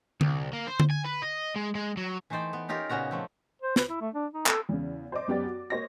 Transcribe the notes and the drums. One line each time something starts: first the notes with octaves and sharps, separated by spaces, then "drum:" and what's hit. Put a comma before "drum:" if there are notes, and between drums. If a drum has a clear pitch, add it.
C2, drum: tom D3
A#3
C5
drum: tom D3
G#5
B4
D#5
G#3
G#3
F#3
E3 A3 D#4 C5 D5 G5
B3
C#4 D#4 F4 G4 A#4
A#2 C#3 B3 F#4 A#5
F3 A3 C4
C5
B4, drum: snare
E4
A3
D4
D#4
A4, drum: clap
E2 C#3
C5 D5 D#5 D6
F#2 B3 G4 D5 A6
F#4
A#3 C5 C#5 D#5 A#6